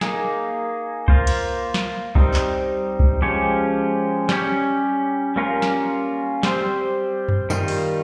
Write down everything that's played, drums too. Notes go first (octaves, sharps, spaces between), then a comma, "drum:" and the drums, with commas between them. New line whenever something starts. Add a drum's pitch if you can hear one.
A#3 D#4 G#4, drum: snare
A#3 F4 C5, drum: kick C2
drum: cymbal
drum: snare
G3 C4 D#4, drum: kick C2
drum: clap
drum: kick C2
F3 G#3 C#4 G4 C#5
G3 C#4 G4 C#5, drum: snare
G3 A#3 C#4 F4 A#4
drum: snare
G3 C4 G4 C5, drum: snare
drum: tom F#2
D#3 G3 A#3 F4, drum: tambourine
drum: open hi-hat